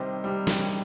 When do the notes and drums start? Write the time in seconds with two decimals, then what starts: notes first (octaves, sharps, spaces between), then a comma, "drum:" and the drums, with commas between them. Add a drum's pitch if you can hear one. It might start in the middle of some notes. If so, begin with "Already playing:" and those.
Already playing: C3 D#3 G3 C5 D#5
0.24 C3 D#3 G3
0.47 drum: snare